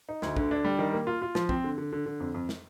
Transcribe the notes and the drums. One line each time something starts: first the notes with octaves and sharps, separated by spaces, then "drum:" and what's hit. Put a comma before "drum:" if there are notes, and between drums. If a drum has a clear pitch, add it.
D#4
D2, drum: snare
D3, drum: kick
D4
G3
D#3
A#3
F4
F4
F3, drum: snare
C4, drum: kick
D3
D3
D3
D3
F2
F2
drum: snare